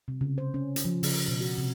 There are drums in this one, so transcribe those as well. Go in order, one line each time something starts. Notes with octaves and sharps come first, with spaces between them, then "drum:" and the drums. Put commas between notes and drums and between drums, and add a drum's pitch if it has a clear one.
C3
C#3
C5
C#4
drum: hi-hat
F3
C#3, drum: open hi-hat
B2
F#4
C3